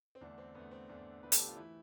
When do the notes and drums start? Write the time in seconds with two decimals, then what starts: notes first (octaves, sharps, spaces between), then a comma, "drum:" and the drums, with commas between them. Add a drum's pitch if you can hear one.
0.15 C4
0.21 E2 D3 A3 D4
0.38 C4
0.55 E2 D3 A3 B3
0.71 C4
0.89 E2 D3 A3 D4
1.23 E2 D3 A3 B4
1.32 A4, drum: hi-hat
1.40 G4
1.49 F4
1.56 E3 A3 E4